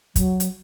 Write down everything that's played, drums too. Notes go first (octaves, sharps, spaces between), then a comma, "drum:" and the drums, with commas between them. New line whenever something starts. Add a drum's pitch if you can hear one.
F#3, drum: kick, hi-hat
drum: hi-hat